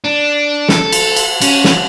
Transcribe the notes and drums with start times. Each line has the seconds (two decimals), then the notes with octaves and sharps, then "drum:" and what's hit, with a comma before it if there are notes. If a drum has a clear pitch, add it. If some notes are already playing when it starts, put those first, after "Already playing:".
0.05 D4
0.69 A4, drum: snare
0.92 drum: cymbal
1.16 drum: cymbal
1.41 C#4, drum: cymbal
1.64 drum: snare